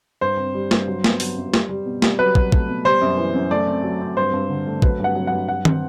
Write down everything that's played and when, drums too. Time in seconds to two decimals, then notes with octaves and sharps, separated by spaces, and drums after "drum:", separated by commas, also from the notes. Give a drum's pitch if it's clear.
0.21 G2 C5
0.37 C4
0.54 G3
0.71 G2, drum: snare
0.88 F#3
1.04 B3, drum: snare
1.20 F#3, drum: open hi-hat
1.36 F#2
1.54 G3, drum: snare
1.69 G3
1.86 B2
2.02 G3, drum: snare
2.19 F#3 B4
2.35 F#3, drum: kick
2.52 A3, drum: kick
2.69 B2
2.84 G3 C5
3.01 F#2
3.17 E3
3.34 F#2
3.51 A3 D5
3.67 C4
3.83 F#3
4.01 C4
4.17 G2 C5
4.33 G2
4.49 D3
4.67 A3
4.82 F#3 B4, drum: kick
5.00 G2 F#5
5.15 F#3
5.27 G2 F#5
5.48 F#3 F#5
5.65 C4, drum: tom D#3